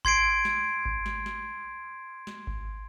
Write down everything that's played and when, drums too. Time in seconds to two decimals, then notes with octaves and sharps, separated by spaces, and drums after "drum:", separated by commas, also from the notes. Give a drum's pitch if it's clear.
0.05 C6 G#6 C7 D7, drum: kick G#1
0.45 drum: snare
0.86 drum: kick G#1
1.06 drum: snare
1.26 drum: snare
2.27 drum: snare
2.47 drum: kick G#1